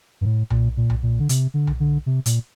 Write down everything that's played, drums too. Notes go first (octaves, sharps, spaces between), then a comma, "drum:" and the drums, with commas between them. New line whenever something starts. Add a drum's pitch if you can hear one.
G2
A2
A#2, drum: tom B1
A#2
drum: tom B1
A#2
D3
C3, drum: hi-hat
D3
drum: tom B1
D3
C3
A#2, drum: hi-hat